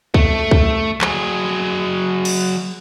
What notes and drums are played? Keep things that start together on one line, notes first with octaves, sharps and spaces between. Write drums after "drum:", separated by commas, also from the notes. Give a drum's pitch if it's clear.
A3, drum: kick
drum: kick
F#3 G#4, drum: clap
drum: cymbal